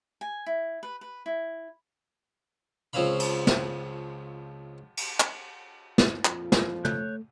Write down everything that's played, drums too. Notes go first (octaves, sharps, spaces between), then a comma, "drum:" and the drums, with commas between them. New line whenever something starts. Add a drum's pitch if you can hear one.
G#5
E4
B4
B4
E4
C#2 F3 C4 C#4 F5 B5
drum: cymbal
drum: snare
drum: cymbal
drum: clap
drum: snare
F2 A#2 F3, drum: clap
drum: snare
A3 C#5 F#6 G6, drum: tom